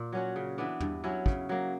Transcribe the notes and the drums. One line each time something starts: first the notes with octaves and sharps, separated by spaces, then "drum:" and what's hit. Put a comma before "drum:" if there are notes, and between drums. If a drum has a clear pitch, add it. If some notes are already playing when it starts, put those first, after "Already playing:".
Already playing: A#2
F#3 C#4 F#4
C#3
E3 B3 D4
G2, drum: tom
F#3 C#4 E4
C#3, drum: kick
F#3 A#3